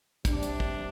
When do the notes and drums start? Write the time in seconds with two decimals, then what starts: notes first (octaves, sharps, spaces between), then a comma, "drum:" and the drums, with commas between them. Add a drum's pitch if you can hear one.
0.25 C3 G3 D4, drum: kick, hi-hat
0.43 drum: hi-hat
0.60 drum: kick